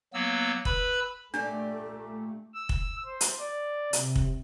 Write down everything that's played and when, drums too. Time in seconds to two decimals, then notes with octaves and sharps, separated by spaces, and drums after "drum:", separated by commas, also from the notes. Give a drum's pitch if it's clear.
0.14 F#3 A#3 B3 E6
0.65 B4 B5 E6, drum: kick
1.34 A#2 A3 D4 G4 A4 D5
2.54 E6
2.69 drum: kick
3.05 C5
3.21 drum: hi-hat
3.39 D5
3.93 C3, drum: hi-hat
4.16 drum: kick